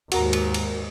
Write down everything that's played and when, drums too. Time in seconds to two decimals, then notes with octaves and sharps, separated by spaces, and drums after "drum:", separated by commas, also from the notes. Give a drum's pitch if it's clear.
0.12 D#2 G#2 F#4 A#4 A#5, drum: cymbal
0.33 drum: cymbal
0.54 drum: cymbal